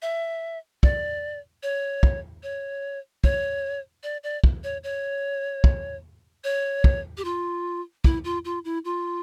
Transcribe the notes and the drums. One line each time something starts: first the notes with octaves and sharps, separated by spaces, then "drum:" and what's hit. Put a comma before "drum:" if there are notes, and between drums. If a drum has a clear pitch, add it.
E5
D5, drum: kick
C#5
drum: kick
C#5
C#5, drum: kick
D5
D5
drum: kick
C#5
C#5
drum: kick
C#5
drum: kick
G4
F4
E4, drum: kick
F4
F4
E4
F4